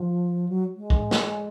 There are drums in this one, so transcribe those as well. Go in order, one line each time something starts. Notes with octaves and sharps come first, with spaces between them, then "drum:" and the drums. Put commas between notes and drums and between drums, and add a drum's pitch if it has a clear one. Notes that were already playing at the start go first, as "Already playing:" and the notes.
Already playing: F3
F#3
G#3
drum: kick
drum: snare